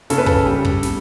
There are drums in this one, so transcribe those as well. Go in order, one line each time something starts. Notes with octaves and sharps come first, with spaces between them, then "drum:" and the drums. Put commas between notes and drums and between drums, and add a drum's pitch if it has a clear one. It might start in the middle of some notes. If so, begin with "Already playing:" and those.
C#3 A4, drum: snare
B4
A4, drum: kick
G3
drum: kick
drum: snare